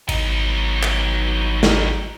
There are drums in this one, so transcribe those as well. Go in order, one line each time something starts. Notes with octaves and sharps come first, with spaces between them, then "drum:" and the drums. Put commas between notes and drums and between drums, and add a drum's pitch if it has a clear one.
G#1 F#3 D#4, drum: cymbal
drum: clap
drum: snare